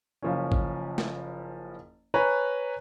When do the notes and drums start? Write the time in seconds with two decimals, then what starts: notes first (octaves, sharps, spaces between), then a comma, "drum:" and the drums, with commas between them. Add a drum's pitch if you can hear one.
0.22 F#1 F3 C#4
0.52 drum: kick
0.98 drum: snare
2.14 B4 C#5 G#5 A#5 C#6